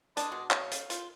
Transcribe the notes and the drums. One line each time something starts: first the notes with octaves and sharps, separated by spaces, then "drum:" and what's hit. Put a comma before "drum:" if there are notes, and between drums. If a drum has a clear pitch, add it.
D4 D#5 A5 C6, drum: hi-hat
B2
C#5 F5, drum: clap
drum: hi-hat
F4, drum: hi-hat